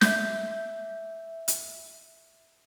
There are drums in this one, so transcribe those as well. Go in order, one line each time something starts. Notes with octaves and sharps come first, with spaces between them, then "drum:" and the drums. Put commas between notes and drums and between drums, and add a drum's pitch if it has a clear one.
E5 D6 G6, drum: snare
drum: hi-hat